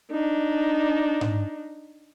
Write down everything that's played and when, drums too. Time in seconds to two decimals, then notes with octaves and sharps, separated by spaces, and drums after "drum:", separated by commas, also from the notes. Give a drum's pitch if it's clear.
0.11 D4 D#4
1.21 drum: tom G#2